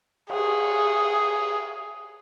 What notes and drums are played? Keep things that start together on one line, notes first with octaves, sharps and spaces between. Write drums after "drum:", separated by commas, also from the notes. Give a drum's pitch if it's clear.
G#4, drum: cymbal